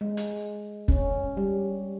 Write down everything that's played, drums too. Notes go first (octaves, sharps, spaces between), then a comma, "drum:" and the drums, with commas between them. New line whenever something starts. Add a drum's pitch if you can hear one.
G#3
drum: hi-hat
C#4, drum: kick
G3